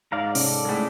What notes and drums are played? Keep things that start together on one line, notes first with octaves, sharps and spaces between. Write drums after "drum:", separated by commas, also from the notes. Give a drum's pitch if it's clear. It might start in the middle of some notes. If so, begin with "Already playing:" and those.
G#2 D5 F5 A#5
C3 C#4 A4 D5, drum: open hi-hat
A2 G#3